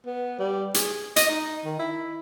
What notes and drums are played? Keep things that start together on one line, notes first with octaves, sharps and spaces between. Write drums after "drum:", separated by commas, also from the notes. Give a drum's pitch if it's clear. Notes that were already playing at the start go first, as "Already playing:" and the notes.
B3
G3
G#4, drum: hi-hat
D#5, drum: hi-hat
D#4
D#3
E4